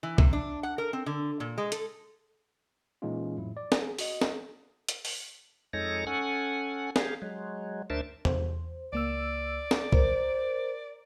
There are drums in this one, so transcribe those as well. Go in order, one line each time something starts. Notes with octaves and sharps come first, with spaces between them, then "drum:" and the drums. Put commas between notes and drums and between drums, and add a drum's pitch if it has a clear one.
E3
C3, drum: kick
D4
F#5
A#4
C4
D3
A#2
G#3
A4, drum: hi-hat
A#2 E3 G#3 C#4 D#4 F4
F2 A2 F#3 E4
D5
drum: snare
G#4
F#4 D#5, drum: open hi-hat
drum: snare
drum: hi-hat
drum: open hi-hat
F2 G#3 D#4 A4 C#5 A#6
C#4 A4 F#5 G#5
G4 G#4 F5, drum: snare
F#3 G#3
D2 D4 A#4 C5 E5 A6
C5, drum: tom E2
C#2 A#3 D5 E6
drum: snare
A#4 C5, drum: kick